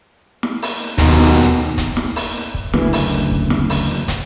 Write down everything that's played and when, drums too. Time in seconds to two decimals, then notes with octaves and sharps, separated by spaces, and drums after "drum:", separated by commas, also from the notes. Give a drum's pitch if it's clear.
0.43 drum: snare
0.62 drum: open hi-hat
0.98 D#2 B2 D#3, drum: kick, hi-hat
1.20 drum: snare
1.78 drum: kick, hi-hat
1.97 drum: snare
2.16 drum: open hi-hat
2.54 drum: kick
2.74 F#1 D2 E3, drum: snare
2.93 drum: open hi-hat
3.31 drum: kick
3.50 drum: snare
3.70 drum: open hi-hat
4.08 drum: kick, hi-hat